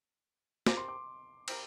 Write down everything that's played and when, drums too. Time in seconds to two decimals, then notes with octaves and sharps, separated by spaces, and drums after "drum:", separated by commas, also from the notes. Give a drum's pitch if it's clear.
0.66 C4 G4 A#4 D6, drum: snare
0.77 C6
0.88 D6
1.48 C4 G4 A#4, drum: cymbal